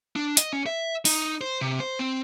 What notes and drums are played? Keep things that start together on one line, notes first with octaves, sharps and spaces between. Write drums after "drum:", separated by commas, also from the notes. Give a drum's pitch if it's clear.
D4
D#5, drum: hi-hat
C#4
E5
D#4, drum: open hi-hat
C5
C3
C5
C4